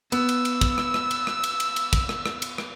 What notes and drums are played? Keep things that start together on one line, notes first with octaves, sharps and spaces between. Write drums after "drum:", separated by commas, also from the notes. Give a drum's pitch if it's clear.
B3 E6, drum: cymbal
drum: cymbal
drum: cymbal
drum: kick, cymbal
drum: rim click
drum: rim click
drum: cymbal
drum: rim click
drum: cymbal
drum: cymbal
drum: cymbal
drum: kick, cymbal
drum: rim click
drum: rim click
drum: cymbal
drum: rim click